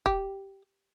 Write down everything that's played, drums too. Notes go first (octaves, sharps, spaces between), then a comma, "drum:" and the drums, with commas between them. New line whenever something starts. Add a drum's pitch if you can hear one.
G4, drum: kick